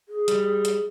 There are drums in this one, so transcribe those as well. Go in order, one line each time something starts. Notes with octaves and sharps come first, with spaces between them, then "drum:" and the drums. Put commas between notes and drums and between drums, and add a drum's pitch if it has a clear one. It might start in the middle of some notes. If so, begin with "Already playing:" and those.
G#4
G3, drum: hi-hat
drum: hi-hat